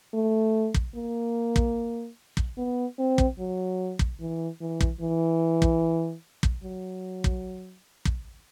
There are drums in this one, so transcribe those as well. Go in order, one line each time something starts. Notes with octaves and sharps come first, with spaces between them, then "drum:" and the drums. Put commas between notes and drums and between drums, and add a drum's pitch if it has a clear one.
A3
drum: kick
A#3
drum: kick
drum: kick
B3
C4
drum: kick
F#3
drum: kick
E3
E3
drum: kick
E3
drum: kick
drum: kick
F#3
drum: kick
drum: kick